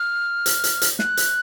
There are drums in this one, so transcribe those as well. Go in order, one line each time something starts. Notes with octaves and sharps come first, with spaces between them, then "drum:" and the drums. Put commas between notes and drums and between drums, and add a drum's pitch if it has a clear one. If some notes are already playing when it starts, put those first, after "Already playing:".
Already playing: F6
drum: hi-hat
drum: hi-hat
drum: hi-hat
F#6, drum: snare
drum: hi-hat